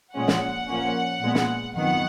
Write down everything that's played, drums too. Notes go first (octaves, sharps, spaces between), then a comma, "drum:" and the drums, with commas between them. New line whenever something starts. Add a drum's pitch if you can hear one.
A#2 F3 G#3 C#4 F#5
drum: snare
A#2 F3 A#3 C#4
A#2 G#3 B3
drum: snare
F2 D#3 F#3 B3 F#5